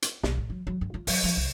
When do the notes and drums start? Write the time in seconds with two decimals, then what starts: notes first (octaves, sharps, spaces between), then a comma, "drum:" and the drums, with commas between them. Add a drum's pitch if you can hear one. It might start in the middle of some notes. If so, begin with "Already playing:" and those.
0.02 drum: hi-hat
0.23 B1, drum: snare
0.37 A2
0.50 F#3
0.67 F#3
0.81 G2
0.94 F4
1.07 F#3, drum: open hi-hat
1.24 F3
1.37 C2